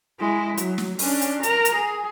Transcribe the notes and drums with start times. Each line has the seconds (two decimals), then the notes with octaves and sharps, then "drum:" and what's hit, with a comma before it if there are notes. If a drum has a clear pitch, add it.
0.20 G#3 E4
0.57 F#3, drum: hi-hat
0.78 drum: snare
0.99 C#4 D4, drum: open hi-hat
1.21 drum: hi-hat
1.43 A#4 A#5, drum: hi-hat
1.65 drum: hi-hat
1.75 G#4